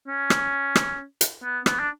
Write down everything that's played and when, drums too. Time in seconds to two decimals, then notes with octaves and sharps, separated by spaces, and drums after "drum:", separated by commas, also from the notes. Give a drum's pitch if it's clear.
0.07 C#4
0.30 drum: rim click
0.76 drum: rim click
1.21 drum: hi-hat
1.43 B3
1.66 B3, drum: rim click
1.80 D4